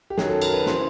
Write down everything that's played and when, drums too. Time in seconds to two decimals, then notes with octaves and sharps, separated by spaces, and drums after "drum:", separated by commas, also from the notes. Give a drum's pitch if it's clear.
0.10 G4
0.17 F#2 D#3 F#3 G#4, drum: snare
0.30 A4
0.42 A#4, drum: cymbal
0.54 B4
0.66 C#3 E3 C5, drum: snare